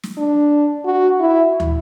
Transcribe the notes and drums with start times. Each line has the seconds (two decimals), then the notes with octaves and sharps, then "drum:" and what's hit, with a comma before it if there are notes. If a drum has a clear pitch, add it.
0.03 drum: snare
0.17 D4
0.85 F#4
1.20 E4
1.60 drum: tom